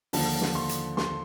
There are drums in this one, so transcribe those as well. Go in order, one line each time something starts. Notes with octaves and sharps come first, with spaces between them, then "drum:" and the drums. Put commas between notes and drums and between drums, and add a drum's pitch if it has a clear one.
D#2 D3 F3 A5, drum: open hi-hat
drum: snare
C6
drum: hi-hat
C6, drum: snare